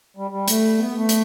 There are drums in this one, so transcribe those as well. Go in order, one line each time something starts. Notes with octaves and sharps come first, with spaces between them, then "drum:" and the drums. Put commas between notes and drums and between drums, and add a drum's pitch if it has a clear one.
G3
G3
A3, drum: hi-hat
B3
A3
drum: hi-hat